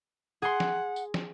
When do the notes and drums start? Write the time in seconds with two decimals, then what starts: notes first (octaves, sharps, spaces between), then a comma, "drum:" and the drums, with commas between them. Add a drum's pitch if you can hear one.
0.42 G#4 F#5 C6
0.60 drum: snare
0.96 drum: tambourine
1.14 drum: snare